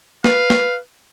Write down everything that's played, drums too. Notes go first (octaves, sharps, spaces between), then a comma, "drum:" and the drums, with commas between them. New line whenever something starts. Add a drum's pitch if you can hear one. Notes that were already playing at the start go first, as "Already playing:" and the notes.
B4 F5, drum: snare
drum: snare